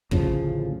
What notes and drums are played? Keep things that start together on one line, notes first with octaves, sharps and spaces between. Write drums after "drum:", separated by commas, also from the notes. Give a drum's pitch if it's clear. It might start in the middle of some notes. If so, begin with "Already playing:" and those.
A1 D2 C#3 F3, drum: kick